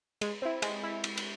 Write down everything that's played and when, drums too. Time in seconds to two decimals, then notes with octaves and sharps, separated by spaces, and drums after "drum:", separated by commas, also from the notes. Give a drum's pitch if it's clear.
0.21 G#3, drum: cymbal
0.42 C4 E4
0.62 G#3, drum: cymbal
0.83 E4
1.04 drum: cymbal
1.17 drum: cymbal